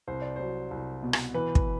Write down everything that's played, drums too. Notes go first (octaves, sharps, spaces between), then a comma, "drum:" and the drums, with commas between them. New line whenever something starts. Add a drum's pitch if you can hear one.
C2 C5
D5
F#3 C5
C2
B2
drum: rim click
E3 B4
drum: kick